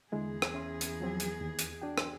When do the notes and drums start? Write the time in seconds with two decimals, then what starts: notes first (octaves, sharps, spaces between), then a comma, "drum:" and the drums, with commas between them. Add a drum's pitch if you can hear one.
0.12 E2 D3 G#3 E4 G#4
0.42 drum: rim click
0.54 C#4 E5 C6
0.81 drum: hi-hat
1.00 F3 F#3 C4
1.20 drum: hi-hat
1.41 D#2
1.59 drum: hi-hat
1.82 D4 F#4 G5
1.98 drum: rim click